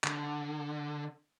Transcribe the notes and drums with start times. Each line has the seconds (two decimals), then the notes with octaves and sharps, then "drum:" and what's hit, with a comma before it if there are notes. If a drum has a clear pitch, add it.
0.04 D3, drum: clap